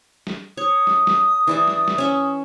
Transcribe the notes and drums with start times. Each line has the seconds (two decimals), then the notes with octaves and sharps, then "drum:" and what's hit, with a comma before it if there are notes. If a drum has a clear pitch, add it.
0.27 drum: snare
0.57 C#5 D#6
0.87 drum: snare
1.07 drum: snare
1.47 E3 D5 E5
1.68 drum: snare
1.88 drum: snare
1.98 C#4 E5